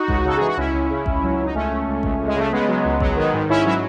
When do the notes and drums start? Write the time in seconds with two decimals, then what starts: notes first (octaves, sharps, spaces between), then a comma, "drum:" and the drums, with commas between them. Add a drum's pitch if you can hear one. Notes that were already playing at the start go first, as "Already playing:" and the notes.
Already playing: D#4 F#4
0.08 C#2, drum: kick A1
0.24 C#3 A4
0.37 E3 G#4
0.47 F#4
0.57 C#2 C#4 E4
0.73 C#2
0.90 C#3
1.06 C#2, drum: kick A1
1.22 F#3
1.39 C#2 D#4
1.54 C#2 A3 C#4
1.71 C#2
1.87 C#2
2.03 C#2, drum: kick A1
2.19 C#2
2.27 G#3
2.35 C#3 A3
2.52 C#3 G#3 B3
2.68 F#3
2.84 C#2
3.00 F#3, drum: kick A1
3.16 D#3
3.33 G#2
3.49 G#2 C#4 E4
3.65 F#3 E4